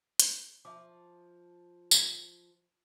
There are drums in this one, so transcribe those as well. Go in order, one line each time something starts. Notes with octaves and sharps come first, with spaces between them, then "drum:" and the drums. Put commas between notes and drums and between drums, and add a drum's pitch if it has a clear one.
drum: hi-hat
F3 E5 D6
drum: tambourine